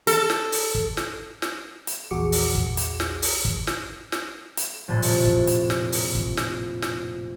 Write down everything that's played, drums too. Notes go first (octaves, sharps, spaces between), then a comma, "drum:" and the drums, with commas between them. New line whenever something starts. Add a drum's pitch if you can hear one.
A4, drum: hi-hat
drum: snare
drum: open hi-hat
drum: kick
drum: snare
drum: snare
drum: hi-hat
A#1 E2 F#4 G#4 D6 C#7
drum: open hi-hat
drum: kick
drum: hi-hat
drum: snare
drum: open hi-hat
drum: kick
drum: snare
drum: snare
drum: hi-hat
F1 A#1 A2 A4
drum: open hi-hat
drum: kick
drum: hi-hat
drum: snare
drum: open hi-hat
drum: kick
drum: snare
drum: snare